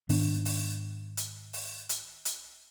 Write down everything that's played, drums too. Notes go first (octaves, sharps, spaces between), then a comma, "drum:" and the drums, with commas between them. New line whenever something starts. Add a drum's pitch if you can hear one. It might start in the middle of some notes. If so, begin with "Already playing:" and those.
G#2 D#3 B3 D4, drum: open hi-hat
drum: open hi-hat
drum: hi-hat
drum: open hi-hat
drum: hi-hat
drum: hi-hat